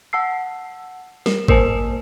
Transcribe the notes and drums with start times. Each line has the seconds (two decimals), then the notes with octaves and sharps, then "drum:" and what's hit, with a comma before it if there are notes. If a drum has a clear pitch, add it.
0.13 F#5 A5 E6 C7
1.26 A#4, drum: snare
1.48 A#3 A#4 C5 G#5 A5, drum: kick G#1